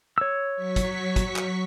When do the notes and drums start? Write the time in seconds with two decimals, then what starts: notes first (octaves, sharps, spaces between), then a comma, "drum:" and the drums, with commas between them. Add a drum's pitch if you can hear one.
0.18 C#5 E6
0.56 F#3 C#6 B6
0.76 drum: kick, hi-hat
1.16 drum: kick, hi-hat
1.36 drum: clap